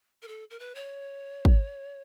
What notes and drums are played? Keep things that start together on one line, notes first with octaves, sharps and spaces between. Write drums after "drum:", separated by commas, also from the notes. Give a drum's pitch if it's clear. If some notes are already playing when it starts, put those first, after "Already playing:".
A#4
A4
A#4
B4
C#5
drum: kick